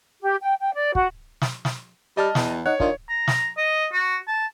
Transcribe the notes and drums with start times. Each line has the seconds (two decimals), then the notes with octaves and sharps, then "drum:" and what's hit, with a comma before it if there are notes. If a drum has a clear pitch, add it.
0.21 G4
0.41 G5
0.60 G5
0.74 D5
0.95 F#4, drum: kick
1.42 drum: snare
1.65 drum: snare
2.17 G3 D#5 A5 F6
2.35 E2, drum: snare
2.66 D#4 C#5 F#5
2.80 D#3 D4 D#4 F4, drum: kick
3.09 A#5
3.28 drum: snare
3.57 D#5
3.93 F#4
4.27 A5